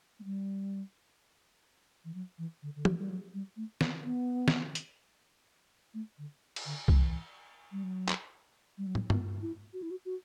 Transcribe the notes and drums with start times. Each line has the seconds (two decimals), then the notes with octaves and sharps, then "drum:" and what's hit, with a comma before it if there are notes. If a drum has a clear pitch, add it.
0.20 A3
0.24 G3
2.05 E3
2.14 F#3
2.38 E3
2.63 D3
2.76 D3
2.85 E3, drum: tom
2.99 G3
3.10 F#3
3.34 G3
3.57 A3
3.81 B3, drum: snare
4.04 B3
4.48 drum: snare
4.75 drum: hi-hat
5.94 A3
6.18 D3
6.56 drum: cymbal
6.65 D3
6.88 E3, drum: kick C2
7.72 G3
7.83 F#3
8.09 drum: clap
8.78 G3
8.87 F#3
8.95 G3, drum: tom
9.10 B3, drum: tom G2
9.42 E4
9.73 F#4
9.82 E4
9.91 F#4
10.06 F#4